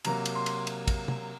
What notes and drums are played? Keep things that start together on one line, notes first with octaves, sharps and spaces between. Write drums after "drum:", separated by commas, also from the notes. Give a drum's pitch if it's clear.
C3 F#3 A#3 A#5, drum: cymbal
drum: cymbal
C6
drum: cymbal
drum: cymbal
drum: kick, cymbal
drum: tom